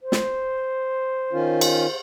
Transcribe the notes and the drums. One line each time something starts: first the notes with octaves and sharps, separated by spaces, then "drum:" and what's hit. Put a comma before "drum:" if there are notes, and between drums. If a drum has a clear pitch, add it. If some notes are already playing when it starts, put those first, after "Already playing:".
C5
drum: snare
D#3 C#4 F4
drum: cymbal